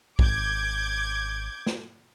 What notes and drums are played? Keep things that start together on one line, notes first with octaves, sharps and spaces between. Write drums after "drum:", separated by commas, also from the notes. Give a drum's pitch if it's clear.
G#1 D6 G6 G#6, drum: kick A#1
drum: snare